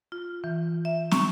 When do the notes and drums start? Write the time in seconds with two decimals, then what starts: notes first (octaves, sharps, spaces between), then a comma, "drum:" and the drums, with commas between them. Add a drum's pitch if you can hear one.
0.12 F4
0.44 E3
0.85 E5
1.11 C#6, drum: snare